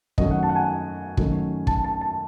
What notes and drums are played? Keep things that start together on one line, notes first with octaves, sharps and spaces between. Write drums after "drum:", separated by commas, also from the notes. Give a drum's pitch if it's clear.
F#2 D#3 F#3 A3 D#5, drum: kick
F#5
A5
F#5
G#5
F#2 D#3 F#3 A3, drum: kick
A5, drum: kick
A5
A5